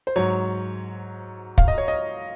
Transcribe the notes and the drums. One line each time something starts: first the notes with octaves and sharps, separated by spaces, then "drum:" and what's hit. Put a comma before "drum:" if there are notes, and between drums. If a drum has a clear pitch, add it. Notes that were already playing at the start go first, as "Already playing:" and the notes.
C5
G#2 F#3 C#5
F5, drum: kick
D#5
C#5
D#5